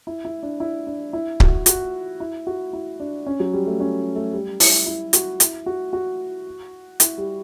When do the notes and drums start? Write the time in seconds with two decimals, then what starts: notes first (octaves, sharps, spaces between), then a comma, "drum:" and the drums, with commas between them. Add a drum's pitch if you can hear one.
0.07 E4
0.25 E4
0.43 D4
0.60 E4
0.87 D4
1.13 E4
1.40 F#4, drum: kick C#1
1.66 F#4, drum: hi-hat
2.20 E4
2.47 F#4
2.73 E4
3.00 D4
3.27 C#4
3.40 F#3
3.53 G3
3.67 A3
3.80 C#4
4.15 A3
4.33 G3
4.60 E4, drum: open hi-hat
4.86 E4
5.13 F#4, drum: hi-hat
5.40 E4, drum: hi-hat
5.66 F#4
5.93 F#4
7.00 E4, drum: hi-hat
7.18 G3